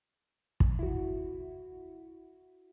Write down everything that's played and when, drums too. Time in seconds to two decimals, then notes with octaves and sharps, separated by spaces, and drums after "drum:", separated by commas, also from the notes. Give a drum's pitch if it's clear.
0.60 drum: kick
0.79 E4 F#4